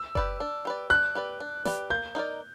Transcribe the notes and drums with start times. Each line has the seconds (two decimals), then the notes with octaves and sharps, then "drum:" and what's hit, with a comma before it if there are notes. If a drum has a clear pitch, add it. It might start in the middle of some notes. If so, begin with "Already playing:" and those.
Already playing: E6
0.15 G4 B4 D5, drum: kick F#1
0.40 D4
0.65 G4 B4 D5
0.90 D4 F#6
1.15 G4 B4 D5
1.40 D4
1.65 G4 B4 D5, drum: snare
1.90 A#3 G6
2.15 D#4 F#4 A#4 D5